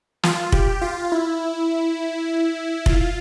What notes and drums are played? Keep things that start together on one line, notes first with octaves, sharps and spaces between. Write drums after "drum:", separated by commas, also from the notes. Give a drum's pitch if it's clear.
F4, drum: snare
G4, drum: kick F1
F4
E4
F4, drum: kick F1